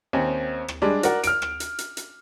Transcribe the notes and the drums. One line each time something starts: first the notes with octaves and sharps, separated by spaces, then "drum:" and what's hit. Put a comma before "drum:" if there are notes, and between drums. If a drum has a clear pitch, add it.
D#2 C4 C#4 D#4
drum: rim click
G3 G#3 D4
F#4 A#4 D5 F#5, drum: hi-hat
F6 D7, drum: hi-hat
drum: rim click
drum: hi-hat
drum: hi-hat
drum: hi-hat